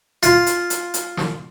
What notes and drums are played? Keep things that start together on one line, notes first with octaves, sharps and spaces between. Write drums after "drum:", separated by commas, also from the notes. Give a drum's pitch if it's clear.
F4, drum: hi-hat
drum: hi-hat
drum: hi-hat
drum: hi-hat
drum: snare